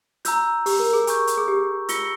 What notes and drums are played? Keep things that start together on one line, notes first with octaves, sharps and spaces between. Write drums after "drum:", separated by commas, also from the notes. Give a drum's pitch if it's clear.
F4 A#5 E6 G6, drum: hi-hat
G4, drum: open hi-hat
A#4
G#4
G#5 C#6 G6, drum: hi-hat
drum: hi-hat
G#4
G4
F4 E6 A#6 C#7 G7, drum: hi-hat